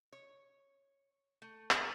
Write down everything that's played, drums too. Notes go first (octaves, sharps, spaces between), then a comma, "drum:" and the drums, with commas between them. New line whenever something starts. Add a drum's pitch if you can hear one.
C#5
A3
drum: clap